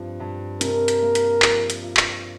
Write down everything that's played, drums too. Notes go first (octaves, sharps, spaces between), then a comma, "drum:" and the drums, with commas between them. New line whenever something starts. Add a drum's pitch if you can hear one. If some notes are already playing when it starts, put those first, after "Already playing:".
Already playing: G2 F3 C4
G2
C3 A#4, drum: hi-hat
drum: hi-hat
A#3
drum: hi-hat
F3, drum: clap
drum: hi-hat
F4
drum: clap